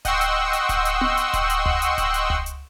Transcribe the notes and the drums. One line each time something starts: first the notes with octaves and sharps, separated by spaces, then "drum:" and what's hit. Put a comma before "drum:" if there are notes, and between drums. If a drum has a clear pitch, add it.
D#5 F#5 G5 C6 C#6 E6, drum: kick D1, hi-hat
drum: hi-hat
drum: hi-hat
drum: kick D1, hi-hat
drum: hi-hat
drum: tom B3
drum: hi-hat
drum: kick D1, hi-hat
drum: hi-hat
drum: tom C#2
drum: hi-hat
drum: kick D1, hi-hat
drum: hi-hat
drum: tom C#2
drum: hi-hat